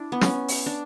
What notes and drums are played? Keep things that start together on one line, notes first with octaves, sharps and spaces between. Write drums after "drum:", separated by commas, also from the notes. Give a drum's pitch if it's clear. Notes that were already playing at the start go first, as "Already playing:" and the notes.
Already playing: D4 E4
B3
C#4, drum: snare
drum: open hi-hat
D4